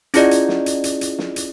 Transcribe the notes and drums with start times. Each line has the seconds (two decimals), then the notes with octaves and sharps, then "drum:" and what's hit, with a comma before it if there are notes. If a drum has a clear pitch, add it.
0.14 C#4 E4 F4 G#4 D5 D#5, drum: hi-hat
0.31 drum: hi-hat
0.49 drum: snare
0.66 drum: hi-hat
0.84 drum: hi-hat
1.01 drum: hi-hat
1.19 drum: snare
1.36 drum: hi-hat